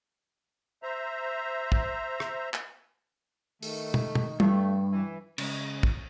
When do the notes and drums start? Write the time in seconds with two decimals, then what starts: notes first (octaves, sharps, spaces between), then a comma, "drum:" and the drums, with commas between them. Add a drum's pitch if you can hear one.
0.83 C5 E5 A#5
1.72 drum: kick
2.20 drum: rim click
2.54 drum: clap
3.63 D#3 A3, drum: open hi-hat
3.94 drum: tom
4.15 drum: tom
4.40 G2 A3, drum: tom
4.92 E3
5.38 C#3 G#3, drum: cymbal
5.83 drum: kick